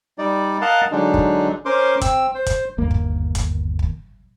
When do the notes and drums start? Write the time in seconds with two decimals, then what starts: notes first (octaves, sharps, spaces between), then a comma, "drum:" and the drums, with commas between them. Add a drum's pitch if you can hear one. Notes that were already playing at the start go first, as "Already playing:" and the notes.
0.18 G3 D#4 D5
0.61 A#4 D#5 F5 F#5 A5
0.92 D3 F#3 G#3 D4 D#4
1.14 drum: kick
1.65 C#4 A#4 C5 C6 D6
2.01 C4 E6, drum: kick, hi-hat
2.35 C5
2.46 drum: kick, hi-hat
2.78 G1 D#2 A#3
2.91 drum: kick
3.35 drum: kick, hi-hat
3.79 drum: kick